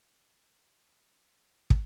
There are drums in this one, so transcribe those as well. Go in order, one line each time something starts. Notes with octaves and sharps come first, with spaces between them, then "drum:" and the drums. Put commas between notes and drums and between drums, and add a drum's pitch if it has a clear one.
G#5 C6 D6
G#3 C4 C#5
drum: kick